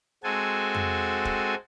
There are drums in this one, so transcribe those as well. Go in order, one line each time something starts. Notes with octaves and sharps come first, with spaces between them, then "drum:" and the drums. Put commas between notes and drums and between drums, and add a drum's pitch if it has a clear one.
G#3 C4 F#4 A4 G#5
drum: tom F2
drum: kick